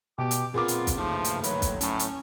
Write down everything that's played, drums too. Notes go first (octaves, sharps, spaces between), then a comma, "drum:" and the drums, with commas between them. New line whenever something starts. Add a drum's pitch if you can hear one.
B2 G4 D6
drum: hi-hat
A#2 B3 C4 F4 G#4 A#4 A#5 D6
drum: hi-hat
drum: kick, hi-hat
G2 C#3 F3 A3 A#3 D#4
drum: hi-hat
D3 D#3 F#3 B4, drum: hi-hat
drum: kick, hi-hat
A2 F#3 A3 C#4, drum: hi-hat
drum: hi-hat